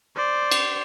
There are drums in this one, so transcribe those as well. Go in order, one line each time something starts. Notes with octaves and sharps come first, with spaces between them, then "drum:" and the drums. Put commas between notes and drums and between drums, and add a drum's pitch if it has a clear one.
C5 D5
drum: cymbal